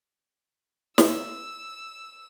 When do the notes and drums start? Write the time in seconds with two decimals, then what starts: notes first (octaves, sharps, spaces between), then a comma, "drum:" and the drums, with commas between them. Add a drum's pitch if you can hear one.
0.98 E6, drum: snare